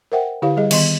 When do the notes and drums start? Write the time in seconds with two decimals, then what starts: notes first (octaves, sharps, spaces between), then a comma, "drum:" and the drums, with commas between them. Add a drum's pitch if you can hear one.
0.12 A#4 C5 E5 F#5 G5
0.42 D3 E4 G4 C#5 F5
0.57 G3 G#4 D#5
0.71 D#3 B3 D#5 C6, drum: cymbal